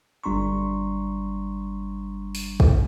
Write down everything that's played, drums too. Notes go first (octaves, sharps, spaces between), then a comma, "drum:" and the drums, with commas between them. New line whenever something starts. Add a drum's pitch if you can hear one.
G1 G3 D4 A#5 C6 C#6
drum: open hi-hat
drum: kick